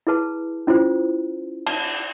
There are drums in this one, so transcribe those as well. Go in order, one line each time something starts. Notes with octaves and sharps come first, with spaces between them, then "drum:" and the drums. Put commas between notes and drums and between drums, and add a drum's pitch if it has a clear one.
E4 G#4 B4 A5
C#4 E4 F4 C5
A5, drum: cymbal